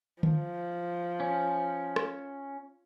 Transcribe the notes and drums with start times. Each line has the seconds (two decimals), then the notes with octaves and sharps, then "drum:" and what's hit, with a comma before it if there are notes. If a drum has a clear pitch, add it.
0.23 F3, drum: tom D3
1.20 C#4
1.96 drum: rim click